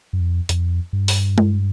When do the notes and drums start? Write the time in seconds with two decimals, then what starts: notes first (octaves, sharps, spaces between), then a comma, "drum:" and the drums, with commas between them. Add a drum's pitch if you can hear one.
0.13 F#2
0.20 F2
0.49 F2, drum: hi-hat
0.93 G2
1.08 drum: open hi-hat
1.38 drum: tom G#3